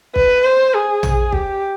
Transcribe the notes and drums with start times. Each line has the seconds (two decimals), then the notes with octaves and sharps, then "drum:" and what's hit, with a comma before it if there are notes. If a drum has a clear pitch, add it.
0.16 B4, drum: kick
0.44 C5
0.74 G#4
1.03 drum: tom A#1
1.33 G4, drum: kick